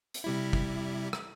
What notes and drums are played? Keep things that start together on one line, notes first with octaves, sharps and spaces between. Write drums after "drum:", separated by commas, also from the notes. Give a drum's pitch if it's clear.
drum: hi-hat
C3 G3 E4
drum: kick
drum: rim click